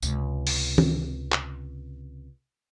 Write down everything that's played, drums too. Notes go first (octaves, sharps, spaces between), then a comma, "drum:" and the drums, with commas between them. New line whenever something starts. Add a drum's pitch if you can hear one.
C#2 C3, drum: tambourine
drum: open hi-hat
drum: tom D#3
drum: clap